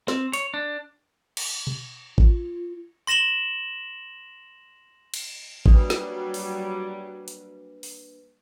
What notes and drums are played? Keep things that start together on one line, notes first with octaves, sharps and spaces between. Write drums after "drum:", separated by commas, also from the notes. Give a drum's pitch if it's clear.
C4, drum: snare
C#5, drum: hi-hat
D4
drum: cymbal
drum: tom B2
F4, drum: kick
C6 A#6 E7 F#7 G7
drum: cymbal
F#3 G3 A#3 D4 B4, drum: kick
drum: snare
drum: open hi-hat
drum: hi-hat
drum: open hi-hat